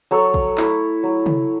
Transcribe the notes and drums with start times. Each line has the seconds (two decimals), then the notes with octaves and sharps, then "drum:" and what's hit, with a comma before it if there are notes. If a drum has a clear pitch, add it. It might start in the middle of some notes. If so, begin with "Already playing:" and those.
0.11 F#3 A4 C#5
0.34 drum: kick A#1
0.58 A3 E4, drum: clap
1.03 F#3
1.26 drum: tom C3